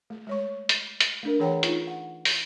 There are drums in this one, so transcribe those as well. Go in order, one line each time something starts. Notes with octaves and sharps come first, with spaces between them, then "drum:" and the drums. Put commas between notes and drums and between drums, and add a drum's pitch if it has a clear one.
A3
G#3 C#5 C#6
drum: hi-hat
drum: hi-hat
A3 D4 A#4
E3 G#4 C#5 F#5 G5 A#5
D#4 F4, drum: hi-hat
F#5
drum: open hi-hat